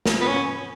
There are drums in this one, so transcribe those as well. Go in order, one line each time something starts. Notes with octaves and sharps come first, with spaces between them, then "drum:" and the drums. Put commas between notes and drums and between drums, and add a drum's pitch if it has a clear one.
drum: snare
B3
C#4